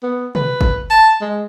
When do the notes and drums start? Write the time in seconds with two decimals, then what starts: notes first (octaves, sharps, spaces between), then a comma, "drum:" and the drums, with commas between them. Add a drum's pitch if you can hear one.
0.03 B3
0.35 B4, drum: tom
0.61 drum: kick
0.90 A5
1.21 G#3